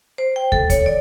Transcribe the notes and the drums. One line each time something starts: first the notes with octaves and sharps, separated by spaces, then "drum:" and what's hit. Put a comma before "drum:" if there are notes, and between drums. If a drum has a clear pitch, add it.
C5
G5
A4, drum: kick
C#5, drum: kick, hi-hat
D5